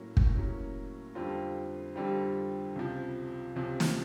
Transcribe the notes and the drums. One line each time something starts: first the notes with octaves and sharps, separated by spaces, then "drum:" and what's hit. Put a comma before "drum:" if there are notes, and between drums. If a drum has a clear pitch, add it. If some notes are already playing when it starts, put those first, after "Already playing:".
Already playing: A2 F#3 A#3 C#4
drum: kick
A2 F#3 A#3 C#4
F2 D3 G3 C4 F4
F2 D3 G3 C4 F4
C#2 C3 F3
C#2 C3 F3
drum: snare